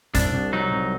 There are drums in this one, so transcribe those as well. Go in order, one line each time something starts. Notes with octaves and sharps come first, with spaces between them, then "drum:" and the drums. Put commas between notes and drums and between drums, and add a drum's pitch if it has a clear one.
C2 D4, drum: kick, hi-hat
C2
F#3 D#4
C2